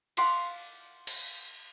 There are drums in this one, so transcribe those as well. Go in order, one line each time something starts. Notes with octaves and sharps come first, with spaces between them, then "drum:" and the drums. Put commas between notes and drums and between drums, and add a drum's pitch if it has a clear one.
F5 F#5 C6 D6 B6 C7, drum: cymbal
drum: cymbal